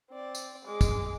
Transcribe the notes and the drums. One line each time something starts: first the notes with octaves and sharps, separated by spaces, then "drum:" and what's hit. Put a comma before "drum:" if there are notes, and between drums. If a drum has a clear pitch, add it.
C4 D5
drum: tambourine
G#3 D6
drum: kick, tambourine